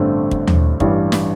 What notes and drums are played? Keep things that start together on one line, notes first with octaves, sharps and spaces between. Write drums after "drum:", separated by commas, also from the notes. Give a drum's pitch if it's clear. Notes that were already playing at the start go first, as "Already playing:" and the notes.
Already playing: A1 G2 D3 A3 C4
drum: kick
drum: tom D#2
A1 G2 E3 G3, drum: kick
drum: snare